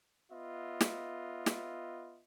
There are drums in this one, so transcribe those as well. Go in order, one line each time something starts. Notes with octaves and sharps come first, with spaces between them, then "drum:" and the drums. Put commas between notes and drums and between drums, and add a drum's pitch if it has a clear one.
B3 F4 D#5 E5
drum: snare
drum: snare